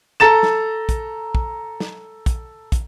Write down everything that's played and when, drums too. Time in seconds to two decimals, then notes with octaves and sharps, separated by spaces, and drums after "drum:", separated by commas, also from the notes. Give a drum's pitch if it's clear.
0.20 A4 A#5 A6 E7
0.43 drum: snare
0.89 drum: kick, hi-hat
1.35 drum: kick
1.80 drum: snare
2.26 drum: kick, hi-hat
2.72 drum: kick, hi-hat